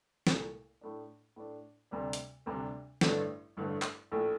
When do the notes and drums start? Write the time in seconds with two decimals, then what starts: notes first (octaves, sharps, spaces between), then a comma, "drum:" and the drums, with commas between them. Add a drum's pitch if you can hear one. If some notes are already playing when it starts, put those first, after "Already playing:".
0.27 C2 A#2 A3, drum: snare
0.81 A2 A3 D4
1.36 A2 A3 D4
1.91 D2 C3 G3 D4
2.13 drum: hi-hat
2.46 D2 C3 G3 D4
3.01 A1 G2 D3 A3, drum: snare
3.57 A1 G2 D3 A3
3.82 drum: clap
4.12 A#1 A2 A3